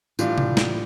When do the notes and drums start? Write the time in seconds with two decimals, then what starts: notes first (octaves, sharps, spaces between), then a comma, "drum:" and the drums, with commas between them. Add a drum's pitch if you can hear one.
0.19 A2 E3 G3 D4 F4, drum: tambourine
0.38 drum: tom C3
0.57 drum: snare